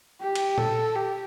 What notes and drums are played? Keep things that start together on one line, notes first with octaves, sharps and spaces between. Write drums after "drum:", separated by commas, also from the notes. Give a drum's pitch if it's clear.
G4
drum: cymbal
A4, drum: tom A#2
G4